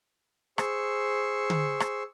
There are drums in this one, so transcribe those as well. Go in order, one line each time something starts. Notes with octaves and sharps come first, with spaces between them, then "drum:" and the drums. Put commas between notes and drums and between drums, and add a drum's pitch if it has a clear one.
G#4 C5 C#6 E6, drum: rim click
drum: tom D3
drum: rim click